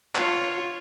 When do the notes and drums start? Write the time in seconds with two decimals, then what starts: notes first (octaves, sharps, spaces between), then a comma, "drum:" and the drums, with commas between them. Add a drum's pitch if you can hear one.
0.15 F4 C#5, drum: clap